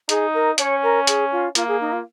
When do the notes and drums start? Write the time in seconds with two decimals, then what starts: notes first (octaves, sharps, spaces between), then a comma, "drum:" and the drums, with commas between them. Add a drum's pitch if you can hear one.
0.09 D#4 G#4, drum: hi-hat
0.34 A#4
0.58 C#4 C#5, drum: hi-hat
0.83 A#4
1.07 G#4, drum: hi-hat
1.31 F4
1.55 A#3 F4, drum: hi-hat
1.68 G#4
1.81 D#4
1.92 F4